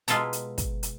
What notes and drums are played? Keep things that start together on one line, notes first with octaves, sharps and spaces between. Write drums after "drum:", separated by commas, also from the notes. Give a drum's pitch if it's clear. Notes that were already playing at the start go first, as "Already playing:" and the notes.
B2 G#3 F4 A4 E5 A#5, drum: hi-hat
drum: hi-hat
drum: kick, hi-hat
drum: hi-hat